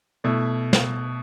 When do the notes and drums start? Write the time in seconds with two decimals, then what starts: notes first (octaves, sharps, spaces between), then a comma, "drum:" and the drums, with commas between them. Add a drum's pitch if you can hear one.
0.24 B2 A3 E4
0.73 drum: snare